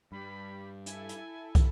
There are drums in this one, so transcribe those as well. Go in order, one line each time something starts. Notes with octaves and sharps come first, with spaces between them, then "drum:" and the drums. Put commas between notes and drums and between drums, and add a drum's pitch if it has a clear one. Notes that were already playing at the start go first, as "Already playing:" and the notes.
G2 G3 B5
E4 A4 G#5, drum: hi-hat
drum: hi-hat
drum: kick, hi-hat